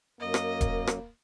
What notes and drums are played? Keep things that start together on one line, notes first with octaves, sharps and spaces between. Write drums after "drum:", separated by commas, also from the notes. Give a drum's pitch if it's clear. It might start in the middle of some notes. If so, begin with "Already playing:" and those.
F#2 A#3 D#5
drum: rim click
drum: kick D#1, hi-hat
drum: rim click